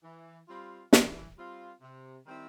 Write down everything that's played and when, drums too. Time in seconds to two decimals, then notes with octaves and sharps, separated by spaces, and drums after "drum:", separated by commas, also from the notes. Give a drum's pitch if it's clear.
0.03 E3
0.49 G3 C4 F4
0.93 E3, drum: snare
1.37 G3 C4 F4
1.81 C3
2.25 D#3 G3 C4 E4